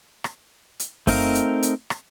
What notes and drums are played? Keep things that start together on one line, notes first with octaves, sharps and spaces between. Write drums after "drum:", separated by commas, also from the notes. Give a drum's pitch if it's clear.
drum: rim click
drum: hi-hat
A3 C4 D#4 A#4 F5, drum: kick F#2, open hi-hat
drum: hi-hat
drum: hi-hat
drum: rim click